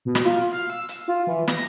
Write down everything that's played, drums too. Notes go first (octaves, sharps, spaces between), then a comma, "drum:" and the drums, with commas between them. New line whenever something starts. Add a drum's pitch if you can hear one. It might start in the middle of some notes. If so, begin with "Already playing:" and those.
B2
drum: snare
F4
F5
E6
drum: hi-hat
F4
E3
A#6, drum: snare